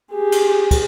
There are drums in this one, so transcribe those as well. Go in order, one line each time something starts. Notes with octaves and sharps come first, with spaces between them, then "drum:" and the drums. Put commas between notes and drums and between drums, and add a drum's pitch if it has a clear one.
G4 G#4
drum: cymbal
drum: kick, cymbal